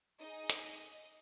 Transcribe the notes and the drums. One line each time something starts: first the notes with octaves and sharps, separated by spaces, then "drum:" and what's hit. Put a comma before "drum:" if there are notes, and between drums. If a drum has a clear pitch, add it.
D#4 G#4 D#5
drum: hi-hat